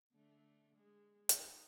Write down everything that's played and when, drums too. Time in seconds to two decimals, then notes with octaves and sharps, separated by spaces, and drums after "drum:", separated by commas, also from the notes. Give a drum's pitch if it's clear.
0.12 D3 A3 D4
0.76 G#3
1.29 D#4, drum: hi-hat